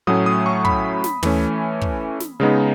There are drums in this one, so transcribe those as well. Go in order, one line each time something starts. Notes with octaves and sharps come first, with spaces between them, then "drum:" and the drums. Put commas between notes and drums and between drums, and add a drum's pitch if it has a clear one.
A2 F#3 A3 C#4 D#6
D#6
C#6
B5, drum: kick
drum: snare
E3 A3 C#4, drum: tom
drum: kick
drum: snare
C#3 G#3 B3 D#4